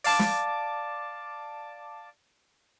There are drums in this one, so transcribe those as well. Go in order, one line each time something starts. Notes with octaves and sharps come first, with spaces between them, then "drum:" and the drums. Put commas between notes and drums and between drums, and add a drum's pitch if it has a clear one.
D5 F5 A5 D6, drum: open hi-hat
drum: snare